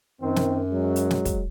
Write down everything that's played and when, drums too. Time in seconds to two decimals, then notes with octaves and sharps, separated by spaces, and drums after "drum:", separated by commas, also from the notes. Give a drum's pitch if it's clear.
0.22 F#2 D#3 C4
0.36 drum: snare
0.70 F#3 G#3
0.96 drum: hi-hat
1.11 drum: snare
1.25 drum: kick, hi-hat